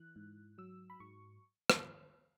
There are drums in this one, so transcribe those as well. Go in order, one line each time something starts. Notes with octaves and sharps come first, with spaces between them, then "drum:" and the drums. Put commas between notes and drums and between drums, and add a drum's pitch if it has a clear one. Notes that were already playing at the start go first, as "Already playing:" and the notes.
Already playing: E3 F#6
G#2
F#3 E6
B5
G#2 C#6
drum: rim click